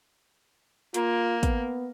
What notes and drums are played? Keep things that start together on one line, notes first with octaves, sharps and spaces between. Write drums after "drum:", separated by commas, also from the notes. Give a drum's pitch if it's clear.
A#3 F4, drum: hi-hat
B3, drum: kick, hi-hat